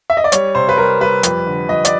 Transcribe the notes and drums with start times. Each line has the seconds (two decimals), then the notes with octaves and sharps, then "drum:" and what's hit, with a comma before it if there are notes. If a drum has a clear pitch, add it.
0.10 E5
0.17 D#5
0.24 D5
0.32 G3 C#5, drum: hi-hat
0.55 C3 C5
0.69 B4
0.77 G3 A#4
1.00 G3 B4
1.23 F2, drum: hi-hat
1.47 D3
1.69 F2 D#5
1.85 D5, drum: hi-hat